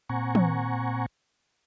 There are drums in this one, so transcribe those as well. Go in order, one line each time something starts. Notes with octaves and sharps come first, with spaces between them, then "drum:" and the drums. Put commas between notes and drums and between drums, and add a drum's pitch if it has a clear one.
A#2 C4 F#5 G#5 A#5 C#6
drum: tom